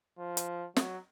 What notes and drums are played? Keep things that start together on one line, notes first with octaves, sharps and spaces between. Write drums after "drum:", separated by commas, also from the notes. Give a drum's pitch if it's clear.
F3
drum: hi-hat
F#3, drum: snare